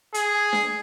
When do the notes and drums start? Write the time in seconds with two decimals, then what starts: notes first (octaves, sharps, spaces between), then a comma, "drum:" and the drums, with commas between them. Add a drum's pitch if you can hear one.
0.14 G#4, drum: hi-hat
0.53 drum: snare D4